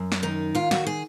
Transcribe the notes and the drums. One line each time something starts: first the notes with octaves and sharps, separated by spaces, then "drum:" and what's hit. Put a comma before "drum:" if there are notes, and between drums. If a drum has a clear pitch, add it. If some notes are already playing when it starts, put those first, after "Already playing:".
Already playing: F#2
drum: snare
D#3 D#4
D#2 F4
F#4, drum: snare
G#4